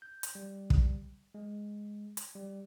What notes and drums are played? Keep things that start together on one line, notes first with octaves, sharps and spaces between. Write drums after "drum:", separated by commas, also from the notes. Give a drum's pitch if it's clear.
G6
drum: hi-hat
G3
drum: kick
G#3
drum: hi-hat
G3